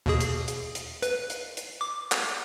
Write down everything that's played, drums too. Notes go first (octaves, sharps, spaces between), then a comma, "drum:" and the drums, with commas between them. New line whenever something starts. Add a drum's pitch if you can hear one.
D#2 B2 G#4
drum: hi-hat
drum: hi-hat
drum: hi-hat
B4, drum: hi-hat
drum: hi-hat
drum: hi-hat
D6
drum: clap